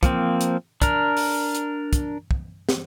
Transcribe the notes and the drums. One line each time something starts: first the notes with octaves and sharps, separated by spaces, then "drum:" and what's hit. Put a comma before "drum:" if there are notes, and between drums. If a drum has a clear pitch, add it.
F3 A#3 C4, drum: kick, hi-hat
drum: hi-hat
D4 A#4, drum: kick, hi-hat
drum: open hi-hat
drum: hi-hat
drum: kick, hi-hat
drum: kick
drum: snare